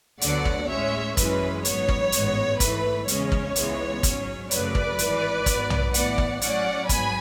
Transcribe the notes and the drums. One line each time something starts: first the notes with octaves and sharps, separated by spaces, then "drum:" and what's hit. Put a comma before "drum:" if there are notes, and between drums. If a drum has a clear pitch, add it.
D2 D3 F#3 B3 D5 F#5, drum: hi-hat
drum: kick
A2 G#3 C#4 C#5 E5
F#2 E3 G#3 C#4 B4, drum: kick, hi-hat
A1 G#2 F#3 B3 C#5, drum: hi-hat
drum: kick
A1 G#2 G#3 B3, drum: hi-hat
G#1 G#2 E3 A3 B4, drum: kick, hi-hat
E2 C#3 G#3 C#4 C#5, drum: hi-hat
drum: kick
C#2 C#3 E3 G#3 B3, drum: hi-hat
G#2 F#3 C#4, drum: kick, hi-hat
F#2 C#3 F#3 A3 B4 D5, drum: hi-hat
drum: kick
G#1 G#2 E3, drum: hi-hat
G#2 F#3 B3, drum: kick, hi-hat
drum: tom B1
A2 E3 B3 D5 F#5, drum: hi-hat
drum: kick
A2 F#3 C#4 D5 F#5, drum: hi-hat
G#2 F#3 B3 G#5 B5, drum: kick, hi-hat